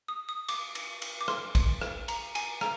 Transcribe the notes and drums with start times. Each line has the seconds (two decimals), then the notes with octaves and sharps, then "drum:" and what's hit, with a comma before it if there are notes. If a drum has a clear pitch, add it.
0.08 D#6
0.29 D#6
0.49 D6, drum: cymbal
0.75 drum: cymbal
1.02 drum: cymbal
1.21 D6
1.28 C6, drum: rim click
1.55 drum: kick, cymbal
1.82 drum: rim click
2.08 A#5, drum: cymbal
2.35 G#5, drum: cymbal
2.61 A#5, drum: rim click